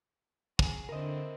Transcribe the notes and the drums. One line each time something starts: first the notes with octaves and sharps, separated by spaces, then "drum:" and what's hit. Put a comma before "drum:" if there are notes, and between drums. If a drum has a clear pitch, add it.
F#4 G#4, drum: kick
D3 C4 E4 A#4 D#5